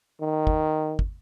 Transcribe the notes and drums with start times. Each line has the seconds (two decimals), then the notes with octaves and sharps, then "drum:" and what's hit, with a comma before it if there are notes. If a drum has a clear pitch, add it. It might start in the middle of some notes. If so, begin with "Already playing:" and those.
0.21 D#3
0.47 drum: kick
0.99 drum: kick